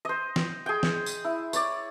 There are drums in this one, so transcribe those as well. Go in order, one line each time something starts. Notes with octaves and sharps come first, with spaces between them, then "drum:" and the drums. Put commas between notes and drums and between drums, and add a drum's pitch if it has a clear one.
C5 D#5
drum: snare
G#4 G5
drum: snare
drum: tambourine
E4
C#5 D5, drum: tambourine